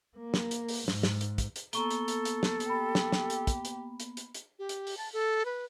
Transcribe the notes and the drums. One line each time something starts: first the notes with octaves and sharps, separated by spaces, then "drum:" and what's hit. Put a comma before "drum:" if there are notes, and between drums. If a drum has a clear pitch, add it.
A#3
drum: snare
drum: hi-hat
drum: open hi-hat
G#2, drum: snare
drum: snare
drum: hi-hat
drum: kick, hi-hat
drum: hi-hat
A#3 B3 A4 A#5 C#6 G7, drum: hi-hat
drum: hi-hat
drum: hi-hat
drum: hi-hat
drum: snare
drum: hi-hat
G4 B5
drum: snare
drum: snare
drum: hi-hat
drum: kick, hi-hat
drum: hi-hat
drum: hi-hat
drum: hi-hat
drum: hi-hat
G4
drum: hi-hat
drum: open hi-hat
A5
A4
B4